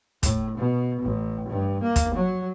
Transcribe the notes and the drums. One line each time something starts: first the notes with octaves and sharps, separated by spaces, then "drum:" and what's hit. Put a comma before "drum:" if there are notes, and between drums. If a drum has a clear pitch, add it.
A2, drum: kick, hi-hat
B2
A1
G2
A#3
drum: kick, hi-hat
F#3